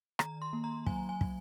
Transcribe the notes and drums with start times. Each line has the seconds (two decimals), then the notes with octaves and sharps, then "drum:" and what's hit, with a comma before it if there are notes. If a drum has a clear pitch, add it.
0.19 D#3 A#5, drum: rim click
0.42 C6
0.53 A#3
0.64 A#5
0.86 F#3 G#5, drum: kick
1.09 G#5
1.21 F#3, drum: kick